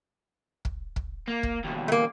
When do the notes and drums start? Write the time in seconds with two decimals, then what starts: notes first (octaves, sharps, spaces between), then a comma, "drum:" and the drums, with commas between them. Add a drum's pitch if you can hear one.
0.65 drum: kick
0.96 drum: kick
1.27 A#3
1.43 drum: kick
1.64 D#2 B2
1.88 A3 A#3